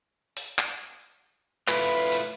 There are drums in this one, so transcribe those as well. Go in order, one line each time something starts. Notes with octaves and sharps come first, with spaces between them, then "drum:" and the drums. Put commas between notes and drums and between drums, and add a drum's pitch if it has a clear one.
drum: open hi-hat
drum: clap
A3 E4 F4 B4, drum: clap
drum: open hi-hat